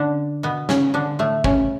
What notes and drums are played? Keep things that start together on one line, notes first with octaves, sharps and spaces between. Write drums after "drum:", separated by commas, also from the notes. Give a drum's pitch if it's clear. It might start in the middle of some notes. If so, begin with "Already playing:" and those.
Already playing: D3 D4
B2 B3
C#3 C#4, drum: snare
D3 D4
A2 A3
C#3 C#4, drum: kick